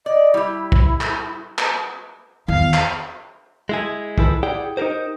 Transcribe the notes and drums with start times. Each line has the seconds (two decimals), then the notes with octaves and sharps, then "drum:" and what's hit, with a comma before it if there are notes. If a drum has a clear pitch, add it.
0.06 D5 D#5
0.34 G3 E4 G4
0.72 drum: kick
1.01 drum: clap
1.58 drum: clap
2.48 E2 D#3 F5
2.74 drum: clap
3.69 G#3 E4 G#4
4.18 D#3 F3 E4 A4 B4, drum: kick
4.43 E4 G4 G#4 D5 F#5 G5
4.77 D#4 G4 G#4 A#4 C5